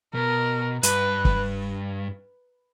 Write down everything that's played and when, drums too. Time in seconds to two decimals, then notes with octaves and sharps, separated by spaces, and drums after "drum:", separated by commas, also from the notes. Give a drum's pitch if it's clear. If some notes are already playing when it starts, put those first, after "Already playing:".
0.14 B2 A#4
0.83 G2 B4, drum: hi-hat
1.25 drum: kick